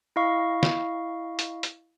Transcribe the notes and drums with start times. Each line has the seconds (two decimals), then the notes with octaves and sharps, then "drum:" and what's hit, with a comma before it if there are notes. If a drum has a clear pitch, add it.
0.16 E4 D#5 F5 C#6
0.63 drum: snare
1.39 drum: hi-hat
1.63 drum: hi-hat